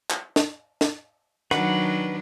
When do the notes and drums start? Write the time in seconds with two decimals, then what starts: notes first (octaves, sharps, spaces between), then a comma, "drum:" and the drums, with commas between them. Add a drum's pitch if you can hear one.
0.11 drum: clap
0.36 drum: snare
0.81 drum: snare
1.51 D#3 F#3 D4 B4 F#5, drum: rim click